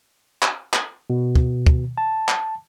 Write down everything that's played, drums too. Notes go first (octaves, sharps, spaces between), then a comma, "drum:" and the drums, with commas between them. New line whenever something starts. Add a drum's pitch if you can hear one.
drum: clap
drum: clap
B2
drum: kick
drum: kick
A5
drum: clap